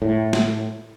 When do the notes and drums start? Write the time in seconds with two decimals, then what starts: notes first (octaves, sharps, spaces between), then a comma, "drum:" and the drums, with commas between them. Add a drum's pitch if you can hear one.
0.02 A2
0.33 drum: snare